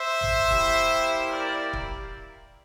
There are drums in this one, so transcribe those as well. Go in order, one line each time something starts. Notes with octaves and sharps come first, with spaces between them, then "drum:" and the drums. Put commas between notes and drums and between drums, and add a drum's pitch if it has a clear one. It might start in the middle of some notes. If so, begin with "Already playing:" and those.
Already playing: C5 E5
drum: tom A1
A#3 E4 G4, drum: kick
A#4 D5
drum: kick